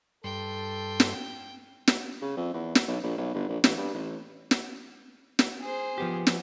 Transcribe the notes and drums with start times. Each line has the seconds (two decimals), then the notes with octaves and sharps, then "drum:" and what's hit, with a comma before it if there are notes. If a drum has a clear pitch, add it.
0.24 G2 A4 G5 C6
1.00 drum: snare
1.87 drum: snare
2.21 C#3
2.37 F2
2.54 E2
2.75 drum: snare
2.88 B1
3.03 A#1
3.17 B1
3.34 G1
3.48 A#1
3.64 A1, drum: snare
3.77 G2
3.94 A1
4.51 drum: snare
5.39 drum: snare
5.61 G#4 C5
5.98 F3 B3 G4
6.27 drum: snare